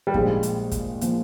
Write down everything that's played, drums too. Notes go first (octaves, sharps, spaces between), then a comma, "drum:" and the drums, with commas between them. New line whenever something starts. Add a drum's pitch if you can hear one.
G3
A#1 A#2 F3 G#3, drum: kick
drum: hi-hat
drum: kick, hi-hat
A#2 F3, drum: hi-hat